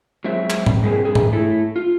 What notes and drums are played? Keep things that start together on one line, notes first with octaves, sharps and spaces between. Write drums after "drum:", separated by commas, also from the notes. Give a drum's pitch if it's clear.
F#3 G#3 C4 E5
drum: clap
drum: tom G#2
B2 G3 G#3 A#3 C4 G#4
G2 G#4 A4
drum: tom G#2
A3 E4 A4
F4